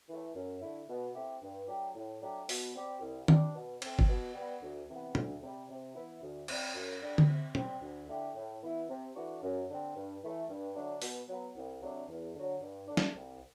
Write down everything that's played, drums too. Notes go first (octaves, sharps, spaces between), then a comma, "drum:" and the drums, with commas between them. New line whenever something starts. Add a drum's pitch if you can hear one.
E3 A3
F#2
D3 A3 E4
B2
A3 C4 E4 G4
G2
F#3 A3 D4 G4
A2
F#3 A3 D4 G4
B2, drum: open hi-hat
G3 C4 G4
C2
C3 G3 D4, drum: tom D#3
B2
A3 C4, drum: cymbal
drum: kick
B2
G3 B3
D2
C3 E3 B3
D2, drum: tom A#2
C3 G3
C3
E3 B3 E4
D2
C3 G3, drum: cymbal
F#2
D3 G3
drum: tom D3
C3
G3 C4, drum: tom A#2
D2
D3 A3 E4 G4
A2
E3 B3 E4
C3
E3 A3 D4 F#4
F#2
D3 G3 C4
G2
E3 A3
G2
D3 F#3 A3 D4
B2, drum: open hi-hat
F#3 B3
C2
C3 F#3 A3 D4
E2
D3 F#3
G2
D3 A3 D4
drum: snare
C2